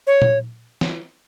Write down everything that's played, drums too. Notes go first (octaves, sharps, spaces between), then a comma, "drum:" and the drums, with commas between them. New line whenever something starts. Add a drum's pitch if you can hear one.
C#5
drum: tom A#2
drum: snare